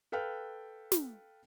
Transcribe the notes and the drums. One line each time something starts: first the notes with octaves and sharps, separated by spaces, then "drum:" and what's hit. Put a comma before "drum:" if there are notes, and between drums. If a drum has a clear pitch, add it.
A4 B4 F5 G5 F6 F#6
drum: snare